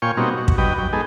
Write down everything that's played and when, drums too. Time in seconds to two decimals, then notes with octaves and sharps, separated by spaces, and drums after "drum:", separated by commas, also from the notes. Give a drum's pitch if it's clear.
0.02 A#2 F4 C#5 G5 G#5 C#6
0.17 B2 G3 A#3 C4 D#4 F#4
0.38 F#4
0.48 drum: kick
0.58 G2 F#3 B4 D#5 G5
0.78 F#3 G5
0.93 G#3 B3 D#4 G#4 A4